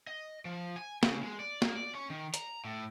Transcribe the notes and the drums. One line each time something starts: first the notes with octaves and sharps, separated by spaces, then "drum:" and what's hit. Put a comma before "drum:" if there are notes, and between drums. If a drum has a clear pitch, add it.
D#5
F3
G#5
C#3, drum: snare
G#3
D5
A#3, drum: snare
D5
C#4
D#3
A#5, drum: hi-hat
A2